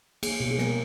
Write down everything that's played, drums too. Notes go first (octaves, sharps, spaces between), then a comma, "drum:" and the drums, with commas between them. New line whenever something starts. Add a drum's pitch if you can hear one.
A#3 G#4, drum: cymbal
B2 G4
G#4
A#3 A#4, drum: snare